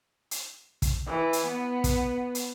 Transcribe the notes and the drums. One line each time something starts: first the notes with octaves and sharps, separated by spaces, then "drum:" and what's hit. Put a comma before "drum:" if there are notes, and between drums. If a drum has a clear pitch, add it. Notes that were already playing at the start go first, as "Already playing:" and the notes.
drum: hi-hat
drum: kick, hi-hat
E3
drum: hi-hat
B3
drum: kick, hi-hat
drum: hi-hat